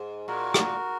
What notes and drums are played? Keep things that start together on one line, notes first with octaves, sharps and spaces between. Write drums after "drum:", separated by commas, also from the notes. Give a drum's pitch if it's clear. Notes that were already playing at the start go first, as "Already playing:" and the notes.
Already playing: G#2
A#2 F#4 A#4
drum: rim click